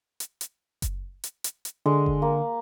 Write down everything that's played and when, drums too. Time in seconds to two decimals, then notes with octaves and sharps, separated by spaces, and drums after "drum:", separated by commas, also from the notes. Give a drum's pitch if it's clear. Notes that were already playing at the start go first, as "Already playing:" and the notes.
0.20 drum: hi-hat
0.41 drum: hi-hat
0.82 drum: kick F#1, hi-hat
1.24 drum: hi-hat
1.44 drum: hi-hat
1.65 drum: hi-hat
1.86 D3 G#3
2.06 drum: kick F#1
2.22 A#3